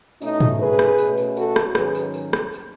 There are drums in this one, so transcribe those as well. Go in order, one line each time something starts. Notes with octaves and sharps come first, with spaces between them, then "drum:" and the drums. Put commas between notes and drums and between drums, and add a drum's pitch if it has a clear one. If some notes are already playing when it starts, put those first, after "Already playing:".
B2 A3 C#4 D#4, drum: tambourine
drum: tom G#2
G#4 B4
drum: rim click
B2 A3 C#4, drum: tambourine
drum: tambourine
F#4 A4, drum: tambourine
drum: rim click
G#2 D#3 F#3 C#4 G#4 B4, drum: rim click
drum: tambourine
drum: tambourine
drum: rim click
drum: tambourine